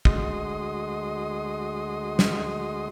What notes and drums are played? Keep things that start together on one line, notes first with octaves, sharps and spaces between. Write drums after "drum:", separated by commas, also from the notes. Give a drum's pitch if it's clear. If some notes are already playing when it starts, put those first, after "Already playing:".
D2 G#3 F#4 D#5 C6 D#6, drum: kick
drum: snare